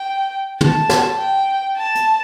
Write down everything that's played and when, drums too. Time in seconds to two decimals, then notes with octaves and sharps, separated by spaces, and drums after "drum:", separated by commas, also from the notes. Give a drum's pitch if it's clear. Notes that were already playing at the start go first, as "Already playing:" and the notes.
Already playing: G5
0.61 A5, drum: tom
0.89 drum: snare
1.19 G5
1.77 A5
1.95 drum: hi-hat